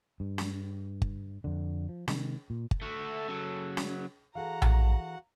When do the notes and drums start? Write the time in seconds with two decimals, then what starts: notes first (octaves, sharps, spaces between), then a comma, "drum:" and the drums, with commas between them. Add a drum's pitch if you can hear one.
0.20 G2
0.38 drum: snare
1.02 drum: kick G1
1.44 F2 D3
1.89 F3
2.08 C3 D#3 G#3, drum: snare
2.50 A#2
2.71 drum: kick G1
2.82 A3 F#4 A4
3.28 C#3 F#3
3.77 drum: snare
4.35 E3 F#4 G#4 A4 F5 F#5 A#5
4.62 drum: tom A#1